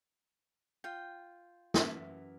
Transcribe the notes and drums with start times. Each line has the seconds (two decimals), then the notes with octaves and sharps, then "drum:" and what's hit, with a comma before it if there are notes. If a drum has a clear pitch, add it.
0.84 F4 G5
1.74 F#2 E3 E5, drum: snare